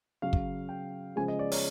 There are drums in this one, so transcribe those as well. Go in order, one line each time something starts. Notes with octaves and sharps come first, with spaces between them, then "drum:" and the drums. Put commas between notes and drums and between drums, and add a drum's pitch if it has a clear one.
C#3 F#3 F5
drum: kick
G5
C#3 F3 G#3 G#5
D#5
D5
C#5, drum: open hi-hat